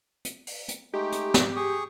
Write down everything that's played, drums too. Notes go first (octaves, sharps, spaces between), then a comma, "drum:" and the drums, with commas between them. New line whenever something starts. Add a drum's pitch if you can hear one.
drum: hi-hat
drum: open hi-hat
drum: hi-hat
G#3 A3 D#4 G4
drum: hi-hat
drum: snare
G#4 C#6 D#6